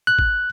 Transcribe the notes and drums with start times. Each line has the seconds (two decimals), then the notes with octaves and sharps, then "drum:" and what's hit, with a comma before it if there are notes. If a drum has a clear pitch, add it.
0.07 F#6
0.19 drum: kick